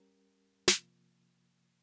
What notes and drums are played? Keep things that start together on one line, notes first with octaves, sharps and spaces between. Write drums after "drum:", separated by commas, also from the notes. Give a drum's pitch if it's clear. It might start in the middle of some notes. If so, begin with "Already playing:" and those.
Already playing: G3 C#4 G4 A#4
C3 F3 A#3, drum: snare